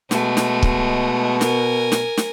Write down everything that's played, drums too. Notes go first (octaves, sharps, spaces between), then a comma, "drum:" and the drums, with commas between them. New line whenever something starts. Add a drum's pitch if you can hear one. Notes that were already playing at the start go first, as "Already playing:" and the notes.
B2 G#3 A3, drum: snare
drum: snare
drum: kick
A#4 G#5, drum: snare
drum: snare
drum: snare